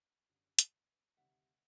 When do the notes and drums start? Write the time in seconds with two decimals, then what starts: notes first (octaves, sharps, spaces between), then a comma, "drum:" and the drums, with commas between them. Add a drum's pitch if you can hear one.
0.29 F#2 D3 G3
0.59 drum: hi-hat
1.17 D2 C3 D#3 G3 E5 F#5